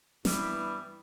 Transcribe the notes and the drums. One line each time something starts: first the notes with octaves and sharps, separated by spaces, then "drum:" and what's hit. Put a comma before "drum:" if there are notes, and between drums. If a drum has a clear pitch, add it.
G2 E3 G3 B3 E4, drum: snare